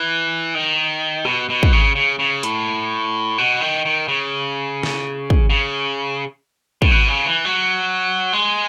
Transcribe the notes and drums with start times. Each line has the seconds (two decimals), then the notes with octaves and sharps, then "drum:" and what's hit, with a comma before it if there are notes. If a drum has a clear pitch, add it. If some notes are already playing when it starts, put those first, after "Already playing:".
Already playing: E3
0.55 D#3
1.25 B2, drum: rim click
1.49 B2
1.63 drum: kick
1.73 C#3
1.95 C#3
2.19 C#3
2.43 A2, drum: hi-hat
3.38 B2
3.61 D#3
3.85 D#3
4.08 C#3
4.83 drum: snare
5.30 drum: kick
5.50 C#3
6.82 A2, drum: kick
6.91 B2
7.08 C#3
7.26 E3
7.45 F#3
8.33 G#3